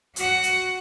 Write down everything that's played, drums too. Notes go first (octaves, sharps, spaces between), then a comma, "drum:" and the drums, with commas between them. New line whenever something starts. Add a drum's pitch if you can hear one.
F#4 F#5, drum: hi-hat
drum: hi-hat